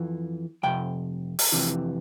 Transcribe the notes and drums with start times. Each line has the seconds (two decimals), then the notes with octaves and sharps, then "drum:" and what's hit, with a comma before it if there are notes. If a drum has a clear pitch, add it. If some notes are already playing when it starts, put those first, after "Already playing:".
Already playing: F2 E3
0.63 F2 C3 G5
1.39 drum: open hi-hat
1.52 F2 C3 E3